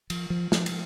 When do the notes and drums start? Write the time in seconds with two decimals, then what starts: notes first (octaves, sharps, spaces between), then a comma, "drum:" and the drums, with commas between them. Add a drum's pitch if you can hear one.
0.10 F3, drum: cymbal
0.30 F3
0.52 F3, drum: snare
0.66 drum: cymbal